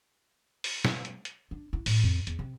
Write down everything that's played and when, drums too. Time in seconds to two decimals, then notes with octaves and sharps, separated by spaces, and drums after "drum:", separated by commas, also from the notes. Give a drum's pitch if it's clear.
0.64 drum: open hi-hat
0.85 drum: snare
1.05 drum: hi-hat
1.25 drum: hi-hat
1.51 D4
1.73 E4
1.86 A2, drum: open hi-hat
2.04 F2
2.27 E2, drum: hi-hat
2.39 C3